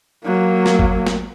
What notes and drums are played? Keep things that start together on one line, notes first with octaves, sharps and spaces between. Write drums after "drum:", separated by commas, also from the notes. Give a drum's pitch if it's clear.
F#3 A#3
drum: snare
drum: kick G#1
drum: snare